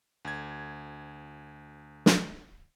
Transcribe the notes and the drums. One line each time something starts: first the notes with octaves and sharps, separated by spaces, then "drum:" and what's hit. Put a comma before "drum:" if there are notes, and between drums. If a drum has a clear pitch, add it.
D2 G#6
drum: snare